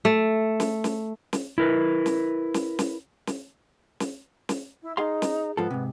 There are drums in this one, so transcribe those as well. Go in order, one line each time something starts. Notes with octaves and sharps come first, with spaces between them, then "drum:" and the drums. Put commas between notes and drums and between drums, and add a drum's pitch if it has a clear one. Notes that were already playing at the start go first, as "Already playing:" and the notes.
A3
drum: snare
drum: snare
drum: snare
E4 A#4 B4
drum: snare
drum: snare
drum: snare
drum: snare
drum: snare
drum: snare
E4
D#4 G#4 F5 C6
drum: snare
G#2 F3 B3 A4
G#2 C3